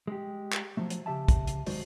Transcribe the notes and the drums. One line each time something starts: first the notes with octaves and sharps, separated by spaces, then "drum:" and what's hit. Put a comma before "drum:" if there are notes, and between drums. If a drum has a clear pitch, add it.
G#3 G4
drum: clap
F3 F#3 A3
drum: hi-hat
C#3 G4 E5 A5
drum: kick, hi-hat
drum: hi-hat
F#2 D#3 G#3 F#4 C5 D5, drum: open hi-hat